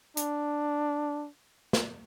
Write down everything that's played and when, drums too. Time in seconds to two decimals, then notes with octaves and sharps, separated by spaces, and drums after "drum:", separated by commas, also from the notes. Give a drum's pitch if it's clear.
0.17 D4, drum: hi-hat
1.73 drum: snare